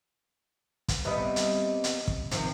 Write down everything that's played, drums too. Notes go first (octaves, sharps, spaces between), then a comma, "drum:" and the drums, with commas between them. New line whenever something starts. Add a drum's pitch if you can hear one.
drum: kick, hi-hat
C3 G3 B3 E4 D#5 E5
drum: hi-hat
drum: hi-hat
drum: kick
C3 D#3 F3, drum: hi-hat